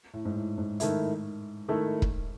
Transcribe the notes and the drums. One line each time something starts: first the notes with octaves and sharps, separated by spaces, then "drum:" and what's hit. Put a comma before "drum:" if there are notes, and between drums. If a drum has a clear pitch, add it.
A2
G#2
A2
G#2
D#3 A3 E4, drum: hi-hat
D#3 A3 E4
drum: kick